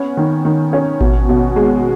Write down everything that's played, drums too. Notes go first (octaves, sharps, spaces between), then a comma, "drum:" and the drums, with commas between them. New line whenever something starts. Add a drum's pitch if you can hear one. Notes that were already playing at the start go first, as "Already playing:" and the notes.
Already playing: B3 C#4
D#3
D#3
C#4
B2, drum: kick A1
B2
G#3